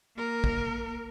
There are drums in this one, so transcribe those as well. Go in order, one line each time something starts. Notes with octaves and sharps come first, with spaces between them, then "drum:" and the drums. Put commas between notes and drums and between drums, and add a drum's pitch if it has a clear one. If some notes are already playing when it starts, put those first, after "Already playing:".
A#3 A#4
drum: kick